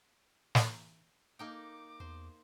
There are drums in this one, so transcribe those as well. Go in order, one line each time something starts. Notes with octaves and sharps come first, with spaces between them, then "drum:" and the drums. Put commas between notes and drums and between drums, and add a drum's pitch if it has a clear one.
drum: snare
A#3 D#4 G5 D6
E2 C5